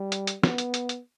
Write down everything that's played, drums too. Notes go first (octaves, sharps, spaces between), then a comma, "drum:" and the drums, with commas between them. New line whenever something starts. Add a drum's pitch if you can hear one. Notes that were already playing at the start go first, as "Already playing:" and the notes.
Already playing: G3
drum: hi-hat
drum: hi-hat
B3, drum: snare
drum: hi-hat
drum: hi-hat
drum: hi-hat